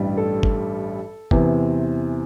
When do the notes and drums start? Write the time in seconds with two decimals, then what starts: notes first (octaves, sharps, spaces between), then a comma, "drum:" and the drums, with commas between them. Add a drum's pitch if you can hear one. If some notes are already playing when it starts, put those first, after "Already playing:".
Already playing: A1 G2 G3
0.17 A4
0.43 drum: kick G1
1.31 E2 C3 E3, drum: kick G1